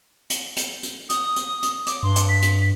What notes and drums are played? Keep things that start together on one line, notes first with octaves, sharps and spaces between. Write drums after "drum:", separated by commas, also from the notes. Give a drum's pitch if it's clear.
drum: hi-hat
drum: hi-hat
drum: hi-hat
D#6, drum: hi-hat
drum: hi-hat
drum: hi-hat
D6, drum: hi-hat
G2 C6
drum: hi-hat
B6
drum: hi-hat